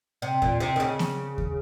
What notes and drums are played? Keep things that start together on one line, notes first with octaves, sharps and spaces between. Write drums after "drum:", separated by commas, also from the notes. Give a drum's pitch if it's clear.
C3
A#2, drum: kick D#2
C3
D#3
C#3
drum: snare B3
drum: kick D#2